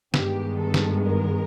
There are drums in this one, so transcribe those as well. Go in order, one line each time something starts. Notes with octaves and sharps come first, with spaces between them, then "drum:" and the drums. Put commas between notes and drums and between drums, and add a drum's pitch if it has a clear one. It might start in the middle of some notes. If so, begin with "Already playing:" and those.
G2 D#3 G#3 B3 G4, drum: snare
A4
drum: snare
A#4